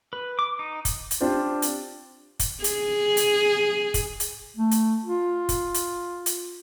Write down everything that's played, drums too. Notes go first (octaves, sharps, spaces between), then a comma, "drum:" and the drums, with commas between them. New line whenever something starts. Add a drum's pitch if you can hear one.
B4
D6
D#4
drum: kick, hi-hat
drum: hi-hat
C4 D4 F4 G4 C5
drum: hi-hat
drum: kick, hi-hat
G#4, drum: hi-hat
drum: hi-hat
drum: kick, hi-hat
drum: hi-hat
A3
drum: hi-hat
F4
drum: kick, hi-hat
drum: hi-hat
drum: hi-hat